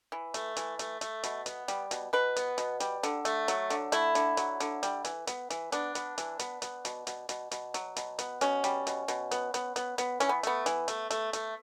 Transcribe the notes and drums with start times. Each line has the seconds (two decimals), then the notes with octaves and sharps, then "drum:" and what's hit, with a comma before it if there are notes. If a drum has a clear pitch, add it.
0.12 E3
0.34 A3, drum: hi-hat
0.56 E3, drum: hi-hat
0.79 A3, drum: hi-hat
1.01 A3, drum: hi-hat
1.23 B2, drum: hi-hat
1.46 B3, drum: hi-hat
1.68 G3, drum: hi-hat
1.91 B2, drum: hi-hat
2.13 B2 B4
2.36 B3, drum: hi-hat
2.58 B2, drum: hi-hat
2.80 G3, drum: hi-hat
3.03 D3, drum: hi-hat
3.25 A3, drum: hi-hat
3.48 F#3, drum: hi-hat
3.70 D3, drum: hi-hat
3.92 A3 E4, drum: hi-hat
4.15 D3, drum: hi-hat
4.37 F#3, drum: hi-hat
4.60 D3, drum: hi-hat
4.83 G3, drum: hi-hat
5.05 E3, drum: hi-hat
5.27 B3, drum: hi-hat
5.50 E3, drum: hi-hat
5.72 B3 D4, drum: hi-hat
5.95 B3, drum: hi-hat
6.18 E3, drum: hi-hat
6.39 B3, drum: hi-hat
6.62 B3, drum: hi-hat
6.85 B2, drum: hi-hat
7.07 B2, drum: hi-hat
7.29 B2, drum: hi-hat
7.51 B2, drum: hi-hat
7.74 F#3, drum: hi-hat
7.96 B2, drum: hi-hat
8.19 B3, drum: hi-hat
8.41 B2 C#4, drum: hi-hat
8.64 G3, drum: hi-hat
8.87 B2, drum: hi-hat
9.08 B2, drum: hi-hat
9.31 B3, drum: hi-hat
9.54 B3, drum: hi-hat
9.76 B3, drum: hi-hat
9.98 B3, drum: hi-hat
10.20 E3 C#4, drum: hi-hat
10.29 B3
10.43 A3 B3, drum: hi-hat
10.66 E3, drum: hi-hat
10.88 A3, drum: hi-hat
11.11 A3, drum: hi-hat
11.33 A3, drum: hi-hat